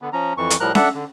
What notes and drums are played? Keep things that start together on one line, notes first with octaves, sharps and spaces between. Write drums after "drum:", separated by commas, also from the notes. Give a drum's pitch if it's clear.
D3 B3
F3 C#4 A#5
F2 E3 C#6
drum: hi-hat
A2 F3 G3 A#4 A#5 F#6
D4 A4 E5 F#5, drum: snare C#4
D3